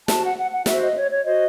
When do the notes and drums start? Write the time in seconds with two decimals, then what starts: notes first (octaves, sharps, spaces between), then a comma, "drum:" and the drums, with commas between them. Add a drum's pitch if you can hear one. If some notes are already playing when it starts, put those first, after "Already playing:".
0.08 F#4 C5 A5, drum: snare
0.23 F#5
0.37 F#5
0.52 F#5
0.66 F#4 C5 E5, drum: snare
0.81 D#5
0.95 C#5
1.10 C#5
1.24 F#4 C5 D#5